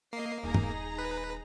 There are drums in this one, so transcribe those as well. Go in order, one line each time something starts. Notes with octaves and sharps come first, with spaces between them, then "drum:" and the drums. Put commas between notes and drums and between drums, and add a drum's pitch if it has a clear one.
A#3 D#5 C7
D#1 B3 D#4 G#4 A#5
drum: tom
B4